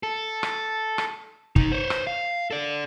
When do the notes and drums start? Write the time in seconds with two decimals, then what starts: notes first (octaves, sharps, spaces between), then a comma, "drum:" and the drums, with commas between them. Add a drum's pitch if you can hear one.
0.03 A4
0.43 drum: rim click
0.98 drum: rim click
1.56 D#2 D#4, drum: kick
1.72 C5 C#5
1.90 drum: rim click
2.07 F5
2.51 A4 D5